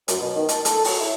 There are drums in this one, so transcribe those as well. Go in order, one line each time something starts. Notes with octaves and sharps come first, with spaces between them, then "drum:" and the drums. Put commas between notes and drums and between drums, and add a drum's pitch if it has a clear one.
F#2, drum: hi-hat
B2
D#3
A5, drum: hi-hat
A4, drum: hi-hat
F#3, drum: open hi-hat
E4